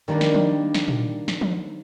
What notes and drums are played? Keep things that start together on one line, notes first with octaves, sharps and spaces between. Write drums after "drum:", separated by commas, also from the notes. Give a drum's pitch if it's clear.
D#3 G3 A#3 D4
drum: snare
drum: tom F3
drum: snare
drum: tom A#2
drum: snare
drum: tom F3